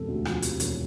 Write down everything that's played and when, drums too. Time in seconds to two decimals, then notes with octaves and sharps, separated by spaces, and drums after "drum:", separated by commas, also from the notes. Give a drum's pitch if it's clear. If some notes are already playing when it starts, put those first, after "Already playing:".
Already playing: E1 C3 A4
0.08 D2
0.25 F3, drum: rim click
0.42 C3, drum: hi-hat
0.60 E1, drum: hi-hat